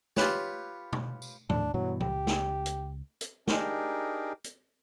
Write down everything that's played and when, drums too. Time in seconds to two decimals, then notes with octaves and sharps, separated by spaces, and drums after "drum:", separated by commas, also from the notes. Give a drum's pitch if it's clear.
0.17 F4 G4 B4 C#5, drum: snare
0.93 drum: tom B2
1.22 drum: tambourine
1.50 D#2 A2 D4, drum: tom A#2
1.74 G2 B2 E3 F#3
2.00 C#2 G4, drum: tom A#2
2.27 drum: snare
2.66 drum: hi-hat
3.21 drum: hi-hat
3.48 D4 D#4 G4 G#4 A#4, drum: snare
4.44 drum: hi-hat